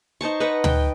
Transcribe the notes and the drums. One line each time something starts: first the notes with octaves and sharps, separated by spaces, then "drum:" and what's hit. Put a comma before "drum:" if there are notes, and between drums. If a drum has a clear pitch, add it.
D#4 C5 A5 C#6
B4 D#5 F#5 C#6
G5, drum: tom D2